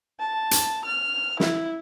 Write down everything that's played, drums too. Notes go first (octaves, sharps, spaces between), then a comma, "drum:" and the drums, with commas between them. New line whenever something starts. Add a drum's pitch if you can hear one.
A5
drum: hi-hat
F6
E4, drum: snare